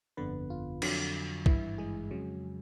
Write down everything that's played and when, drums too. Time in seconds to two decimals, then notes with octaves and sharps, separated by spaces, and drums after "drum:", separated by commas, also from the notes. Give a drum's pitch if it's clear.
0.17 G1 F2 D3 B3 B4
0.50 F4
0.82 F2 D3 F#3, drum: cymbal
1.46 G#1 G2 E3 E4, drum: kick
1.78 G#3 G#4
2.11 F2 C#3 F#3